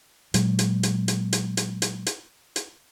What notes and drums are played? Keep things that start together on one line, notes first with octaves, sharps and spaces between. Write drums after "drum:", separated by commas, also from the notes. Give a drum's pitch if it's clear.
A#2 F#3 G#3, drum: hi-hat
drum: hi-hat
drum: hi-hat
drum: hi-hat
drum: hi-hat
drum: hi-hat
drum: hi-hat
drum: hi-hat
drum: hi-hat